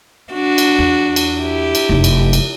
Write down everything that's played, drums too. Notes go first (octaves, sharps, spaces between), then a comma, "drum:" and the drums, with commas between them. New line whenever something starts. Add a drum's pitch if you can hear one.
D4 F#4
drum: cymbal
E2
drum: cymbal
E4 G4
drum: cymbal
F1 F#2
drum: cymbal
drum: cymbal